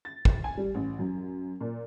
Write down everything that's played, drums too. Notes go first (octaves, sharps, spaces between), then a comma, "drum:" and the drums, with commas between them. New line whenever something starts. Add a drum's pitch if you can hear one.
A6
drum: kick
G#5
G3
A1
F#2
A#2